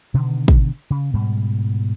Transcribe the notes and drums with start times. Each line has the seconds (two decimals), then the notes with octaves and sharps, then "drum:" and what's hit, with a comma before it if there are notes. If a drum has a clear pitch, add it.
0.14 B2 D3 D#3
0.48 drum: kick
0.90 C#3
1.14 G#2 B2 G3